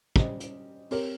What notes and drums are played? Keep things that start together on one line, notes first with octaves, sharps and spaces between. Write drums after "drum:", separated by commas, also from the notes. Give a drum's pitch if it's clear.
G3 C#4 G4 C5 D#5, drum: kick
drum: hi-hat
C4 G4 A#4 C#5, drum: open hi-hat